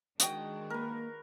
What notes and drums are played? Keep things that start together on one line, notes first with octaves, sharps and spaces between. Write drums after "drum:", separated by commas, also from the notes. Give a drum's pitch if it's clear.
D#3 G#3 D4 F#4 G5 D#6, drum: hi-hat
A#3 A#4 B4